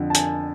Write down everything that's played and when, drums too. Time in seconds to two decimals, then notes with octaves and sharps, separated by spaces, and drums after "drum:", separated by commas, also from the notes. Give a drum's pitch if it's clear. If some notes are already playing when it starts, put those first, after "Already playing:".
Already playing: F2 D3
0.10 A5
0.15 G#5, drum: hi-hat